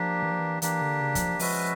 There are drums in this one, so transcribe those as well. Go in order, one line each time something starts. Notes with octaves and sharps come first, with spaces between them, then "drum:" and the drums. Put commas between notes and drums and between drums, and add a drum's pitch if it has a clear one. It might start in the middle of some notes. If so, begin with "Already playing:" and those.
Already playing: F3 A#3 D4 G4
E3
F3
E3
E3 A#3 D4 G4, drum: hi-hat
D3
C#3
F#3, drum: kick, hi-hat
F3
F3 G#3 C#4 F#4 B4 E5, drum: open hi-hat